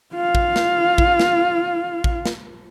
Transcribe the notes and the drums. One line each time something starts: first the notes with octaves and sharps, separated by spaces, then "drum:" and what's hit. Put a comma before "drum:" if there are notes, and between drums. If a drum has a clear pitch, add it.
F4 F5
drum: kick
drum: snare
drum: kick
drum: snare
drum: kick
drum: snare